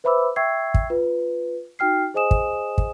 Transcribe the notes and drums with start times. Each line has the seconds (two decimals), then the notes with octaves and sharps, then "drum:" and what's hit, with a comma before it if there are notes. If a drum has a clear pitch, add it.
0.04 B4 C5 E5 B5 D6 E6
0.36 E5 G5 C#6 E6 G#6 C7
0.74 drum: kick
0.90 F4 B4
1.79 D#4 F#4 G5 F6 C7
2.14 G#4 C5 D#5 G#5 D#6 E7
2.31 drum: kick
2.78 drum: kick